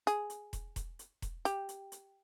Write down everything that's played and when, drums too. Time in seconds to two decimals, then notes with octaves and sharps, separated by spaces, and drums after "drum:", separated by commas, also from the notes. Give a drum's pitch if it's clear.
0.07 G#4, drum: hi-hat
0.30 drum: hi-hat
0.53 drum: kick E1, hi-hat
0.76 drum: kick E1, hi-hat
0.99 drum: hi-hat
1.22 drum: kick E1, hi-hat
1.45 G4, drum: hi-hat
1.69 drum: hi-hat
1.92 drum: hi-hat